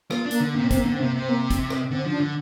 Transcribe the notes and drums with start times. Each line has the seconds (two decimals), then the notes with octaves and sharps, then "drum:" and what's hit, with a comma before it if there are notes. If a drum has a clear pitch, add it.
0.11 A#3 F4, drum: rim click
0.26 D4
0.31 A#3, drum: hi-hat
0.40 D3
0.51 C3 A#3
0.64 A#2 C4
0.71 C3, drum: kick, hi-hat
0.77 A#3
0.85 D3 C4
1.00 C3 A#3
1.15 C3 C4
1.29 A#3
1.50 drum: kick, hi-hat
1.70 drum: rim click
1.91 D3 C4
2.06 F3 D4
2.20 D3